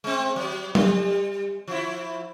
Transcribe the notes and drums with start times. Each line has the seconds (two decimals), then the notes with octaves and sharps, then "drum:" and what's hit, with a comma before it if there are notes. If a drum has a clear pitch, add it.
0.04 G#3 C4
0.36 F#3
0.75 G3, drum: tom F#3
1.67 F3 E4